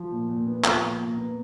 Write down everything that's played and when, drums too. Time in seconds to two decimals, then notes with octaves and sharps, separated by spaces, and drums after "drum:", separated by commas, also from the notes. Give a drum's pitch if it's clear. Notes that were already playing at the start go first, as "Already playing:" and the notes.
Already playing: F3
0.12 A#2
0.29 A#2
0.47 B3
0.64 F3 A#5, drum: clap
0.83 A#2
0.99 A#2
1.17 B3